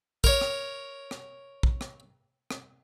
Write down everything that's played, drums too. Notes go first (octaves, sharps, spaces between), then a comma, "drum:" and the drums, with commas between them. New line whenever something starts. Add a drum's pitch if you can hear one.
A#4 C#5, drum: kick
drum: rim click
drum: rim click
drum: kick
drum: rim click
drum: rim click